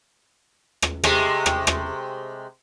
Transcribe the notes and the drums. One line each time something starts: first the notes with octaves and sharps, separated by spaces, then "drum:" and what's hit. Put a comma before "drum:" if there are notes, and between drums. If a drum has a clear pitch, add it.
drum: rim click
C3 G#3 A3, drum: rim click
drum: rim click
drum: rim click